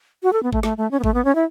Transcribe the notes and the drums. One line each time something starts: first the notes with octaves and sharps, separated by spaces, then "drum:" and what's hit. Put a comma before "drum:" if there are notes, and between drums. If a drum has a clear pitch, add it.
F#4
A4
B3
A3, drum: kick G#1
A3, drum: snare
A3
C#4
B3
A3, drum: kick G#1
B3
C#4
E4